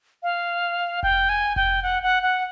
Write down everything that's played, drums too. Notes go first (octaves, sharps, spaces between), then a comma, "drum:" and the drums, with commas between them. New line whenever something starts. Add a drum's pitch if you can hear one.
F5
G5, drum: kick F1
G#5
G5, drum: kick F1
F#5
F#5
F#5